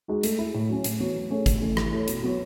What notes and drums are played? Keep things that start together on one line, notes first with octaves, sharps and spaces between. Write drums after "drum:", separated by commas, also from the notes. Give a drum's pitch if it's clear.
G#3 D#4 F#4
A3, drum: hi-hat
E4 G#4
A2
F#3 C#4
A2, drum: hi-hat
E3 B3 F#4 C#5
F#3
A3 C#4 G#4 C#5
A2, drum: kick G#1, hi-hat
E3 A3 C#4 E4
E3, drum: rim click
A3 E4 A4 C#5
B2, drum: hi-hat
F#3 B3 F#4 C#5